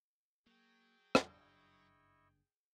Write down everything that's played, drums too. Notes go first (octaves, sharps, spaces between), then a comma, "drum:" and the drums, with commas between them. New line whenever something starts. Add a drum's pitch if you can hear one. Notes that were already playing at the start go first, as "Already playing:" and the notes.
F#3 A#3 G#4 G5
F#1 G2 D4 E4 D#5 C#6, drum: rim click